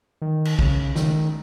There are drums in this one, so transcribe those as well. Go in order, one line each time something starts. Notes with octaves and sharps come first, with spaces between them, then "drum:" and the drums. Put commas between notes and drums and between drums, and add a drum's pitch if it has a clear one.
D#3
drum: cymbal
C#3, drum: kick
D#3, drum: snare